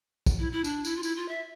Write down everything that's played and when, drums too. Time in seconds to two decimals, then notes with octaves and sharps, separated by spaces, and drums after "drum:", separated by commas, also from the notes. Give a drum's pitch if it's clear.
0.26 drum: kick, tambourine
0.39 E4
0.52 E4
0.64 D4, drum: tambourine
0.85 E4, drum: tambourine
0.96 F4
1.03 E4, drum: tambourine
1.16 F4
1.28 E5